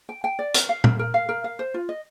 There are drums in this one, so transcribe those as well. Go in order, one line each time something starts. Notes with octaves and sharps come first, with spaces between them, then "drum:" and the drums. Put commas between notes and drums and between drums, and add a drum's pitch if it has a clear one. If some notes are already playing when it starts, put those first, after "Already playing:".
G5
G5
D5
A#4, drum: hi-hat
F5
A#4, drum: tom
A#4
F5
A#4
F5
C5
F4
D#5